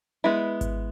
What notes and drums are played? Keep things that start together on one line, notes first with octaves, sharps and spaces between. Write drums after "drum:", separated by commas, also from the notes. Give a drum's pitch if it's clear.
G#3 B3 E4
drum: kick G#1, hi-hat